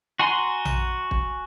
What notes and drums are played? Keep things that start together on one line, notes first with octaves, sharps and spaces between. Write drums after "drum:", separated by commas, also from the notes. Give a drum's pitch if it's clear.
F#4 F#5 G#5 A#5 C6
drum: tom A#1
drum: kick